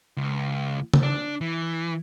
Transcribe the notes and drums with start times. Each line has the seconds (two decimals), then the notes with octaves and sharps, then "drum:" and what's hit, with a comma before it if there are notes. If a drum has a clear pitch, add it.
0.17 C#2
0.94 drum: tom C#3
1.03 D4
1.41 E3